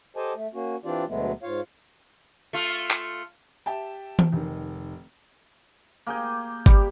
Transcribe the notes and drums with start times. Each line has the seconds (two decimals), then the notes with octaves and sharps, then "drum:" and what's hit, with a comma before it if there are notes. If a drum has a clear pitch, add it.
0.17 G4 A4 C5 D#5 G#5 A5
0.35 A3
0.54 A#3 C#4 F#4
0.85 E3 C4 D4 F4 G4 D5
1.09 D2 B2 F#3 G#3 A3 B3
1.43 G#2 F4 C#5 F5
2.53 A3 F4
2.91 drum: clap
3.66 G4 E5 G5 A5
4.19 drum: tom E3
4.32 F1 D#3
6.07 A#3 G#4 G5
6.66 G3 G4, drum: kick G1